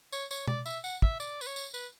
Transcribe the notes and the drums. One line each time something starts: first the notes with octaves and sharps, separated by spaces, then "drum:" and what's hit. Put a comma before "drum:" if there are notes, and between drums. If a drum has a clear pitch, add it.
C#5, drum: tambourine
C#5, drum: tambourine
D5, drum: tom B2
E5, drum: tambourine
F#5, drum: tambourine
E5, drum: kick
D5, drum: tambourine
B4, drum: tambourine
C#5
drum: tambourine
B4, drum: tambourine